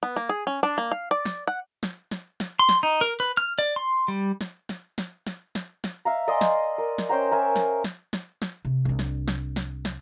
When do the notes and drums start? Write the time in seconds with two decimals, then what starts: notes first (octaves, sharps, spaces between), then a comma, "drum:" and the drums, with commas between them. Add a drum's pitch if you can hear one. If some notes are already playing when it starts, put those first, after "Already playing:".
0.03 B3
0.16 A#3
0.29 G#4
0.47 C#4
0.63 D4
0.78 A#3
0.91 F5
1.11 D5
1.25 drum: snare
1.47 F#5
1.83 drum: snare
2.11 drum: snare
2.40 drum: snare
2.59 C6
2.69 drum: snare
2.83 D#4
3.01 A#4
3.20 B4
3.37 F6
3.59 D5
3.76 C6
4.08 G3
4.41 drum: snare
4.69 drum: snare
4.98 drum: snare
5.27 drum: snare
5.55 drum: snare
5.84 drum: snare
6.05 E5 F5 A#5
6.28 D5 D#5 G#5 C6
6.41 drum: snare
6.78 A#4
6.98 drum: snare
7.09 C#4 C5 G5 A#5
7.31 A#4 E5 G#5
7.56 drum: snare
7.84 drum: snare
8.13 drum: snare
8.42 drum: snare
8.65 C3
8.85 C2 D4
8.99 drum: snare
9.28 drum: snare
9.56 drum: snare
9.85 drum: snare